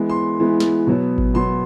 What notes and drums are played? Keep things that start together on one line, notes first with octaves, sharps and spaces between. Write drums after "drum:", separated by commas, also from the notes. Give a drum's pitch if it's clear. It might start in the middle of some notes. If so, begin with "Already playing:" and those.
Already playing: E3 G#3 B3
C6
E3 G#3 B3
drum: snare
B2 F#3 B3
drum: kick G#1
B2 F#3 B3 C6